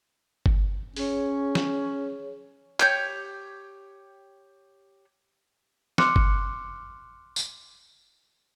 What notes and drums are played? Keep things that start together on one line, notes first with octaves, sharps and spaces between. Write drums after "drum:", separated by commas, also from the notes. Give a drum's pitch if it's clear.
drum: kick G1
C#4 G#4 C#5, drum: open hi-hat
drum: snare
G4 C#5 G6, drum: clap
C6 D6 F6 F#6 C#7, drum: snare
drum: kick G1
drum: tambourine